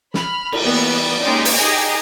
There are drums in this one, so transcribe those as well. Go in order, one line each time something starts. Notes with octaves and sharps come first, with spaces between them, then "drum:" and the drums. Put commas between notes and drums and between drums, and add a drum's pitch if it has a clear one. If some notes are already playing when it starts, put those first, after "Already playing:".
B5 F6, drum: snare
drum: cymbal
E3 G3 A#3 B3
G#3 A#3 C#4 D#4 G4 D5
drum: open hi-hat
D#4 G4 G#4 D#5 G#5 A#5